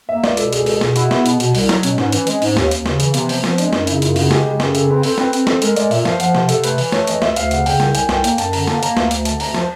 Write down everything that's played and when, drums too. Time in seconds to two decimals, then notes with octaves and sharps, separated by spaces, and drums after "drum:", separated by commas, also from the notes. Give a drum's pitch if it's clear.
0.09 A#3 E5
0.24 C#2 D5, drum: snare
0.37 B2 A4, drum: hi-hat
0.53 C#2 G#4, drum: hi-hat
0.66 B2 A4, drum: open hi-hat
0.81 B2 G#4, drum: snare
0.96 E4 F#4, drum: hi-hat
1.11 B3, drum: snare
1.26 B2, drum: hi-hat
1.40 B2, drum: hi-hat
1.55 C2, drum: open hi-hat
1.69 F#3, drum: snare
1.83 B2 C#4, drum: hi-hat
1.98 G#2, drum: snare
2.12 E3, drum: hi-hat
2.27 G#3 C4, drum: hi-hat
2.42 G#2, drum: open hi-hat
2.57 D#2, drum: snare
2.71 D#2, drum: hi-hat
2.86 C#3, drum: snare
3.00 E3, drum: hi-hat
3.14 C3 B3, drum: hi-hat
3.29 F3 C4, drum: open hi-hat
3.44 F3 C4, drum: snare
3.58 G#3 D4, drum: hi-hat
3.73 F#2 D#4, drum: snare
3.87 C#3 E4, drum: hi-hat
4.02 F#2 F4, drum: hi-hat
4.16 C#3 F#4, drum: open hi-hat
4.31 G#3 G4, drum: snare
4.45 C#3 G#4
4.60 F#2 G#4, drum: snare
4.75 C#3 A4, drum: hi-hat
4.90 C4 B4
5.03 C4 A4, drum: open hi-hat
5.18 C4 B4, drum: snare
5.33 C4, drum: hi-hat
5.47 F3 A4, drum: snare
5.62 G#3 A#4, drum: hi-hat
5.76 G#3 D5, drum: hi-hat
5.91 A#2 E5, drum: open hi-hat
6.05 F3 F5, drum: snare
6.20 F3 F#5, drum: hi-hat
6.35 C3, drum: snare
6.49 C3 A4, drum: hi-hat
6.64 A3 B4, drum: hi-hat
6.78 E3, drum: open hi-hat
6.92 A3 C#5, drum: snare
7.07 E3 D#5, drum: hi-hat
7.22 D2 E5, drum: snare
7.36 D2 F5, drum: hi-hat
7.51 C#3 F#5, drum: hi-hat
7.66 C#3 G5, drum: open hi-hat
7.80 C2 G5, drum: snare
7.95 C2 G#5, drum: hi-hat
8.09 C2 G5, drum: snare
8.24 A#3 G5, drum: hi-hat
8.38 F#2 A5, drum: hi-hat
8.53 D3 A#5, drum: open hi-hat
8.67 A#3 A5, drum: snare
8.83 A#3 A#5, drum: hi-hat
8.97 D2, drum: snare
9.11 D2, drum: hi-hat
9.25 D3 A5, drum: hi-hat
9.40 D2 A#5, drum: open hi-hat
9.54 F3 A5, drum: snare